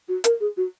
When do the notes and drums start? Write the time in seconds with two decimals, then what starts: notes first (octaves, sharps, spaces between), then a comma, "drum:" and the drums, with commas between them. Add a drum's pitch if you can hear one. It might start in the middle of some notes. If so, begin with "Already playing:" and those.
0.08 F#4
0.24 A#4, drum: hi-hat
0.40 G#4
0.56 F#4